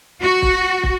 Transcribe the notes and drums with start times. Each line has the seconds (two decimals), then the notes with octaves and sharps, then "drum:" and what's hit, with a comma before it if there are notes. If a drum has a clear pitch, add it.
0.22 F#4
0.42 drum: kick
0.83 drum: kick